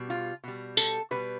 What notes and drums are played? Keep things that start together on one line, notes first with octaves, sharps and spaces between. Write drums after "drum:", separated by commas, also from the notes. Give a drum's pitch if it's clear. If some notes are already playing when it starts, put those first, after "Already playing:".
Already playing: B2 G3
F4
B2 G3
A4, drum: tambourine
B2 G3 B4